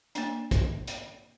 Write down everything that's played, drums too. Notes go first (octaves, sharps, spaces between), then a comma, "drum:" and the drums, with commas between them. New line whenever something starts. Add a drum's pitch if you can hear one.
A#3 D4, drum: hi-hat
drum: kick, hi-hat
drum: hi-hat